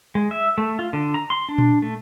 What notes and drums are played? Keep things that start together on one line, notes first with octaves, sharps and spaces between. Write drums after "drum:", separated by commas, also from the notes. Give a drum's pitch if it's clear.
G#3
E5
A3
F4
D3
A#5
C6
D4
drum: tom A#2
A3